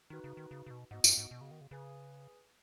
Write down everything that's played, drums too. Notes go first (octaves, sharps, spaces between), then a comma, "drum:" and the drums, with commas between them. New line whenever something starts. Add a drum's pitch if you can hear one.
D#3 D#4 F#4 B4
C#3
D#3
C#3
C#3
B2
G#2 B3 F#4 D#5 F#5
F#2, drum: tambourine
G#2
B2
C#3
D#3
C#3
C#3 G#4 B4 G#5